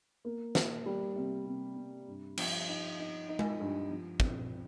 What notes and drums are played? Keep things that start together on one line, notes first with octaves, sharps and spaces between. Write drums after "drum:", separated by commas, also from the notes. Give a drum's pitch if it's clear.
A#3
A#3, drum: snare
G3
C3
C3
C3
G2
F3, drum: cymbal
D#4
D#4
D#4
drum: tom G#3
G2
F3
C4, drum: kick